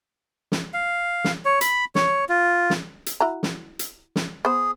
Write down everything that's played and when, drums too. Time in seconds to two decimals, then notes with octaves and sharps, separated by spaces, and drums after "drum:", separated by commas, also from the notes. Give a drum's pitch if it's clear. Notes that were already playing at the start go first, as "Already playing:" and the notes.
0.52 drum: snare
0.74 F5
1.24 drum: snare
1.45 C#5
1.61 B5, drum: hi-hat
1.95 C#5, drum: snare
2.29 F4
2.70 drum: snare
3.06 drum: hi-hat
3.20 E4 F#4 A#5
3.43 drum: snare
3.79 drum: hi-hat
4.16 drum: snare
4.45 B3 G#4 C5